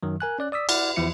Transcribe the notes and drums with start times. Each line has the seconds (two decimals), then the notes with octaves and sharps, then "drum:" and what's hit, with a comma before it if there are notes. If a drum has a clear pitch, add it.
0.03 F#2 D#3 F#3
0.20 A#4 G#5 F#6
0.39 C#4 D5 F#6
0.52 D5 D#6 E6 B6
0.69 E4 D5 F#5 F6, drum: cymbal
0.96 E2 E3 F3 E4 C#7